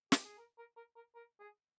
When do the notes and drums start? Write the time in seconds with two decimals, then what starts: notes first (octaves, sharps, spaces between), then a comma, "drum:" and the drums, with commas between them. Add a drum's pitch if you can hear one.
0.12 G4, drum: snare
0.25 G#4
0.38 A#4
0.58 A#4
0.77 A#4
0.96 A#4
1.15 A#4
1.40 G#4